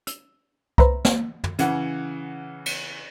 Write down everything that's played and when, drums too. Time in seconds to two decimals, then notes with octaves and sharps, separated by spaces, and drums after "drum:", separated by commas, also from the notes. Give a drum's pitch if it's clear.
0.07 E6, drum: hi-hat
0.78 B4 C5 E5 A#5, drum: kick C2
1.05 drum: snare
1.44 drum: tom
1.59 C#3 E3 F#5, drum: hi-hat
2.66 drum: cymbal